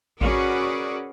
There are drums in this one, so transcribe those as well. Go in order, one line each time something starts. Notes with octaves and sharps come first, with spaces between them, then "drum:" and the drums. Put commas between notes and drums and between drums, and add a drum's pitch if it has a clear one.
C#4 F#4 G#4 A#4 B4 D5, drum: kick A1